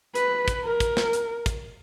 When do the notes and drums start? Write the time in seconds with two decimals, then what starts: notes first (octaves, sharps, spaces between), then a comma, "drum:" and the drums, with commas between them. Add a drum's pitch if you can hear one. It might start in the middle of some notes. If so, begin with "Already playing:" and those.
0.15 B4, drum: hi-hat
0.48 drum: kick, hi-hat
0.64 A#4
0.80 drum: kick, hi-hat
0.97 drum: snare
1.13 drum: hi-hat
1.46 drum: kick, hi-hat